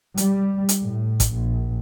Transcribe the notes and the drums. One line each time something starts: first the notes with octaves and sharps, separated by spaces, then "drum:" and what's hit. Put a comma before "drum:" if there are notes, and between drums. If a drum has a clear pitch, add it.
G3, drum: hi-hat
drum: hi-hat
A2
drum: kick, hi-hat
A#1